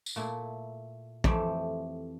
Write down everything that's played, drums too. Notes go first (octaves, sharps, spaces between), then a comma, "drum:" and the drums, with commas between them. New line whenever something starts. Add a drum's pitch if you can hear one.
drum: tambourine
A#2 A3 E4
F2 E3 A3 C4 G4, drum: kick